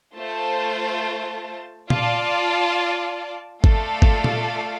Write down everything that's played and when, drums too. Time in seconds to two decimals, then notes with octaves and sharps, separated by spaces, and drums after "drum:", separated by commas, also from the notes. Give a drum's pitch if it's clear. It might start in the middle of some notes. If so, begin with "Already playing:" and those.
0.16 A3 F4 C5 A5
1.90 F4 D5 A5, drum: tom A#2
3.64 A3 F4 A4 D5 F5, drum: kick G#1
4.02 drum: kick G#1
4.24 drum: tom A#2